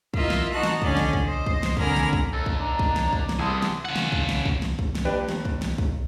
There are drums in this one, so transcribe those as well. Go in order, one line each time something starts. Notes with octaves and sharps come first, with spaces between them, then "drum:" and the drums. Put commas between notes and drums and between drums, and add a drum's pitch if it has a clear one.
E4 F4 A#4 D#5 E5, drum: kick
drum: snare
D#4 F#4 A5 F#6
drum: snare
D3 C#4 D5 D#5 G#5, drum: kick
drum: snare
drum: kick
C5 D#5
drum: kick
drum: snare
D3 C4 A#4 G#5 B5 A#6, drum: kick
drum: snare
drum: kick
D#2 A4
drum: kick
D4 D5 A#5
drum: kick
drum: snare
drum: kick
drum: snare
C2 B3 E4 G#4 A5 C6 D#6
drum: snare
C#3 F#5
drum: snare
drum: kick
drum: snare
drum: kick
drum: snare
drum: kick
drum: snare
D#2 A#3 D4 G4 B4
drum: snare
drum: kick
drum: snare
drum: kick